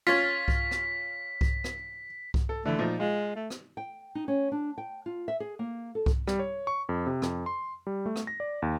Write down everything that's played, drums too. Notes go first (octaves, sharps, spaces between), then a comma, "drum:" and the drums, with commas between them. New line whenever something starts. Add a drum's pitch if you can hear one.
C#4 F4 B6
drum: kick C2
drum: rim click
drum: kick C2
drum: rim click
drum: kick C2
A4
D3 E3 A3
A#2 F3 D#4
G#3 F4
A3
drum: rim click
G5
D#4
C#4
D4
G5
F4
E5
G#4
A#3
A4
drum: kick C2
G3, drum: rim click
C#5
C#6
F2
C3
F2, drum: rim click
C6
G3
A3
drum: rim click
A#6
D5
D#2